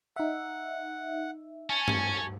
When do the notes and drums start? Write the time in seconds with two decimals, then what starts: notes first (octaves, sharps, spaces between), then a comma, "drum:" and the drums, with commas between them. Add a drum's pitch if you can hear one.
0.16 D#4 E5 F#5
1.70 C#4 G#5 A5 C#6
1.88 drum: tom G2